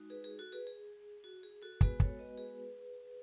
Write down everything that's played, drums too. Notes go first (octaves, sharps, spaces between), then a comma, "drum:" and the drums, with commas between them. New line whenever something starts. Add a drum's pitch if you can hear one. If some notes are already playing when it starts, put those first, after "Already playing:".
Already playing: G#3 D#4 F#4
G#4 B4
G#4
F#4 A4
G#4 B4
G#4
F#4
G#4
F#4 A4
G#3 B3 F#4 G#4 B4, drum: kick
A4 C#5, drum: kick
B4 D#5
G#4 B4